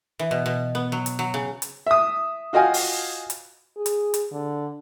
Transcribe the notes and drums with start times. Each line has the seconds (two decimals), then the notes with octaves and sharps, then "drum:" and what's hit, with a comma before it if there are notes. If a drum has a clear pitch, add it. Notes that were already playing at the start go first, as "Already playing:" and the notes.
0.19 E3
0.31 B2
0.46 B2
0.75 B3
0.92 F#3
1.06 drum: hi-hat
1.19 F#3
1.34 C#3
1.62 drum: hi-hat
1.86 E5 D#6
2.53 F4 F#4 D#5 F5 G5 G#5
2.74 drum: open hi-hat
3.30 drum: hi-hat
3.77 G#4
3.86 drum: hi-hat
4.14 drum: hi-hat
4.32 D3